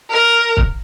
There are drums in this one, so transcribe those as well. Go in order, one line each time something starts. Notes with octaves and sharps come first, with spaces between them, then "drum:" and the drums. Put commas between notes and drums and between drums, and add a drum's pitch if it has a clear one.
A#4
drum: kick